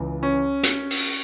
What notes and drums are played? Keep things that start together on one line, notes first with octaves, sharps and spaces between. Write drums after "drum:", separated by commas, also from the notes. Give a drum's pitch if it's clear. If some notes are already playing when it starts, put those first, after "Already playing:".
Already playing: C#2 C#3 E3
C#4
drum: hi-hat
drum: open hi-hat